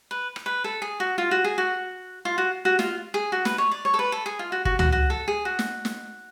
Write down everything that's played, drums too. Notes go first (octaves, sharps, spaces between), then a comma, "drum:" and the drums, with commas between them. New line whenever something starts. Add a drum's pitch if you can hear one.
B4
drum: rim click
B4
A4
G#4
F#4
F4
F#4
G#4
F#4
F4
F#4
F#4
F4, drum: snare
G#4
F#4
B4, drum: snare
C#5
D5
C#5
A4
B4
A4
G#4
F4
F#4
F#4, drum: kick G1
F#4, drum: tom C#2
F#4
A4
G#4
F#4
drum: snare
drum: snare